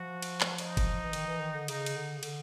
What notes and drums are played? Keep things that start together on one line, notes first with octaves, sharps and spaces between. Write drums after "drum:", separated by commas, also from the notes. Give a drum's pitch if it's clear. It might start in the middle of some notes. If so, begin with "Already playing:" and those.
Already playing: F3 F#4
drum: cymbal
drum: clap
D#4, drum: cymbal
drum: kick, cymbal
E3
D#3, drum: cymbal
E3
D#3
D3
C#3 D#4, drum: cymbal
drum: cymbal
D3
C#3
D3, drum: cymbal